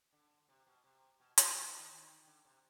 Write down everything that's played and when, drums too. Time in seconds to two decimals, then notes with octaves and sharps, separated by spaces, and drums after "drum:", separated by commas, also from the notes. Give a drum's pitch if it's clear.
0.13 D3
0.49 C3
0.67 B2
0.84 C3
1.20 B2
1.38 F3, drum: hi-hat
1.56 E3
1.68 D3
1.79 D#3
1.91 D#3
2.26 D3
2.45 C3